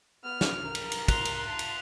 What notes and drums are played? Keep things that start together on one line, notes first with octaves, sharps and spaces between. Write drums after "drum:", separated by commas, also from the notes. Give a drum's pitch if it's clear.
B3 F6
drum: snare
A#4 A#5
drum: cymbal
drum: cymbal
C6 F#6 F7 G7, drum: kick, cymbal
drum: cymbal
A5
drum: cymbal